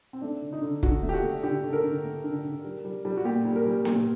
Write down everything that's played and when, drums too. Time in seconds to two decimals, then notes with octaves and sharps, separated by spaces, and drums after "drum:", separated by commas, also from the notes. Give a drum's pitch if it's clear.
0.13 C4
0.21 A3 D4
0.42 D3
0.53 D#4
0.62 D3
0.83 D3 F#4, drum: kick
1.03 A3
1.09 G4
1.13 F#4
1.23 A3
1.43 D3 G4
1.64 D3
1.69 A4
1.73 A#4
1.84 D3
2.04 A3
2.24 D3
2.44 D3
2.64 G3
2.85 G3
3.05 G3
3.17 F#4
3.25 A#2 G4
3.45 G3
3.56 A#4
3.66 G3
3.85 A#2, drum: snare B3